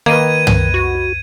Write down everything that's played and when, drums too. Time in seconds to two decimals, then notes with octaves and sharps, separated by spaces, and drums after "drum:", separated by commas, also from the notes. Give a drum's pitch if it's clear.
0.06 D#3 A#3 B4 D#5 G#6 D#7
0.47 drum: tom
0.74 F#4